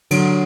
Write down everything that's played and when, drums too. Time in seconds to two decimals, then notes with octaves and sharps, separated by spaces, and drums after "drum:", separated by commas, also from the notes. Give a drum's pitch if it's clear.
0.11 D3 F#3, drum: cymbal